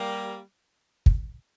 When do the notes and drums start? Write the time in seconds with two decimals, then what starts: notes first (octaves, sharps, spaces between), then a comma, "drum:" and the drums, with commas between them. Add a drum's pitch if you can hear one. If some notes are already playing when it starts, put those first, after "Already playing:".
Already playing: G3 A#3
1.06 drum: kick